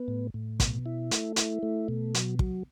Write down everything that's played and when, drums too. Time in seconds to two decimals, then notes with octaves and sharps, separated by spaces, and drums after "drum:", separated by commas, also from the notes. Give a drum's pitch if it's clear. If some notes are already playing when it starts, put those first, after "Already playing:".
Already playing: B3
0.08 A2
0.34 A2
0.60 B2, drum: kick, hi-hat
0.86 E4
1.11 A3, drum: hi-hat
1.36 E4, drum: hi-hat
1.63 A3
1.88 B2
2.14 F#3, drum: hi-hat
2.39 F#3, drum: kick